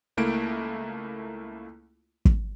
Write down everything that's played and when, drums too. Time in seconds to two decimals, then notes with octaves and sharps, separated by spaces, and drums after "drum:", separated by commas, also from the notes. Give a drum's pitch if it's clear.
0.17 C#2 A3 A#3 E4 D7
2.25 drum: kick